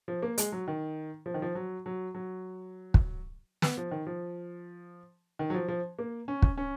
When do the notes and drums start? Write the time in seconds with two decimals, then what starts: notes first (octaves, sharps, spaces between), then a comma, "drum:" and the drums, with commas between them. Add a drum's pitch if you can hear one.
0.08 F3
0.23 A#3
0.38 G#3, drum: hi-hat
0.52 F#3
0.68 D#3
1.26 F3
1.34 D#3
1.42 F3
1.55 F#3
1.86 F#3
2.15 F#3
2.94 drum: kick
3.62 B3, drum: snare
3.77 F3
3.91 D#3
4.07 F3
5.39 D#3
5.50 F#3
5.54 F3
5.68 F3
5.99 A#3
6.28 C#4
6.42 drum: kick
6.58 C#4